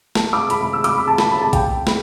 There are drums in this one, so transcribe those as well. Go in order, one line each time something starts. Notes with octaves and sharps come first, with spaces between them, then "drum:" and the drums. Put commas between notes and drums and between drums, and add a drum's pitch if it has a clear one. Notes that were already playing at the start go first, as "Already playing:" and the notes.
A5, drum: snare
D6
B5, drum: hi-hat
B5
E6
D6, drum: hi-hat
B5
A5
B5, drum: snare
B5
A5
G5, drum: kick, hi-hat
B5, drum: snare